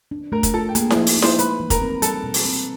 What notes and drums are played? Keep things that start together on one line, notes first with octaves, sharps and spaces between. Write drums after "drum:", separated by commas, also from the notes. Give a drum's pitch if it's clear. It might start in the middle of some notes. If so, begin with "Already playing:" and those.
D4
A3 A#4 A#5
drum: kick, hi-hat
F4 A4 A5
G5
A#3 G#4 G#5, drum: hi-hat
G#4 G#5, drum: snare E4
F3
drum: open hi-hat
D#4
C5 C6, drum: snare E4
G#3 B4 B5, drum: hi-hat
E3
A#4 A#5, drum: kick, hi-hat
C4
G3 A4 A5, drum: hi-hat
B2
drum: open hi-hat
C4